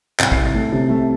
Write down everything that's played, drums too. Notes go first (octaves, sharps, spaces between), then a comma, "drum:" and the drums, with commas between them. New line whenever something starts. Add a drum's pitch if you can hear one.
C2 A6, drum: clap
C2 C7, drum: kick
A6
A3
C3
A3